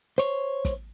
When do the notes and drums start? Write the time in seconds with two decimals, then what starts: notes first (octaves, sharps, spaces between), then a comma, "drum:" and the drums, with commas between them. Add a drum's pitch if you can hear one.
0.18 C5 C#5, drum: hi-hat
0.65 drum: kick, hi-hat